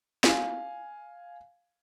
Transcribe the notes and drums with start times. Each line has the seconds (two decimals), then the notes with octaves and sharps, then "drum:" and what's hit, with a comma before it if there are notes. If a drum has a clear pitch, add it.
0.24 F5 G#5, drum: snare